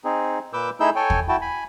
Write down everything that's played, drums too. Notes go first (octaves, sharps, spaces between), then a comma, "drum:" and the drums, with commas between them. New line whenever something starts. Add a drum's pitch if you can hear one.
C4 D#4 G#4
A#2 B4 D6 E6 G6
A3 D#4 E4 G#4 E6 G6
A4 C#5 G5 G#5
drum: kick
E4 F#4 G5 A5
G#5 B5